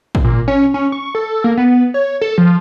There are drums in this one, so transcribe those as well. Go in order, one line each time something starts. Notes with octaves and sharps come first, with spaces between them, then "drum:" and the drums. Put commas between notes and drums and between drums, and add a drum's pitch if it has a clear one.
drum: kick
A#2
C#4
C#4
C#6
A4
A#3
B3
C#5
A4
F3